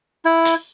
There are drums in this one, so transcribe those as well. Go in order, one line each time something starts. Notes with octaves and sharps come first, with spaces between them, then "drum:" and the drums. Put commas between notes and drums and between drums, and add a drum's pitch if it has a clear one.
E4
drum: hi-hat